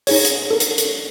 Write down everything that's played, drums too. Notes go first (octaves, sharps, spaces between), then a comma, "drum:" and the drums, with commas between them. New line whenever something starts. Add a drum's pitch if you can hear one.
D#4 G#4 C#5, drum: open hi-hat
drum: hi-hat
A4 A#4
drum: hi-hat
drum: hi-hat